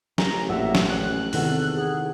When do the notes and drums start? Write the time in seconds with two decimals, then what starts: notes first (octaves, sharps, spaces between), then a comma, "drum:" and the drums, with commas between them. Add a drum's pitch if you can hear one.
0.18 A1 A#5, drum: snare
0.49 A#1 E5 F#5
0.75 drum: snare
0.90 C#4 F#6
1.33 E2 C3 D#3 A4 F#5, drum: open hi-hat
1.76 G#4